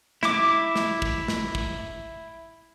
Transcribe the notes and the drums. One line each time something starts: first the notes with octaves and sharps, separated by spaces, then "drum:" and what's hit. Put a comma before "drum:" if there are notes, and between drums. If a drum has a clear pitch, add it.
E4 D6, drum: snare
drum: snare
drum: kick
drum: snare
drum: kick